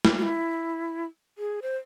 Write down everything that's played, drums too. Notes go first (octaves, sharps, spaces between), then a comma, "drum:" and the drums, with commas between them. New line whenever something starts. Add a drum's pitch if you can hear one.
drum: snare
F#4
E4
G#4
C5